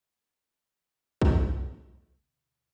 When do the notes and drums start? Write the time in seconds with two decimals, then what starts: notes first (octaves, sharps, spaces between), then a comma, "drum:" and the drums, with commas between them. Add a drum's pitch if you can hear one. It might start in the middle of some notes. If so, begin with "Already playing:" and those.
1.22 drum: kick A#1
1.32 C3 E3 A#3 B3
1.58 F1 C3 B3 D4
2.21 D2 B2 D3 E3